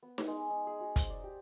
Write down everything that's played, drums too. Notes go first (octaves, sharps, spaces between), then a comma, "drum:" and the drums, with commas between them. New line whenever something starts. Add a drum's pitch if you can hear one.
B3
drum: snare D#4
G#3
D#4
G#4
F#4
C5, drum: kick, hi-hat
D5
G4